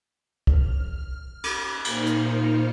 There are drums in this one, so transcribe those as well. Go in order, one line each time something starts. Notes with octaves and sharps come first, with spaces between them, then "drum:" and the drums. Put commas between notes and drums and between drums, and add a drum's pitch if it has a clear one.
F6, drum: kick
drum: cymbal
A#2 A#3 D#4 C5 F6 C#7, drum: cymbal
drum: hi-hat